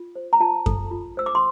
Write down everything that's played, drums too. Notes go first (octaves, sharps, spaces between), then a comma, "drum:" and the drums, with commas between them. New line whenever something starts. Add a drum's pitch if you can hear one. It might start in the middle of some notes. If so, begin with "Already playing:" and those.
Already playing: F4
C5
A#5
F4 A5
A4, drum: kick F#2
F4
C5 E6
D6
C6